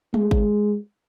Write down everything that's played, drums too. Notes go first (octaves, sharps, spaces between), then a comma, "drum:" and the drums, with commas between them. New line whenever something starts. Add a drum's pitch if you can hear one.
G#3, drum: tom G#3
drum: kick